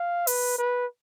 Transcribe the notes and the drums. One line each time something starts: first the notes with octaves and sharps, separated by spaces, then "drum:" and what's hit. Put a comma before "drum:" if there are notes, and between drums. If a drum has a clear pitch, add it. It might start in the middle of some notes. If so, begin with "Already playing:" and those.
Already playing: F5
B4, drum: open hi-hat
B4